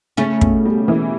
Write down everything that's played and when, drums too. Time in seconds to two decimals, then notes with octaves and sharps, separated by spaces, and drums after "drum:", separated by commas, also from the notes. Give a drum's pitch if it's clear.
0.17 C#3 A3 C#4
0.41 B2, drum: kick
0.66 G3
0.88 E3